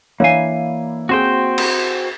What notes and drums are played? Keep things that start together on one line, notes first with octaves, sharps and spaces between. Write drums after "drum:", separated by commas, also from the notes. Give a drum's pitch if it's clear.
E3 A#3 D4 E4 C#5 F5 G#5 C7
C4 F#4 G#4 C5 G5
drum: cymbal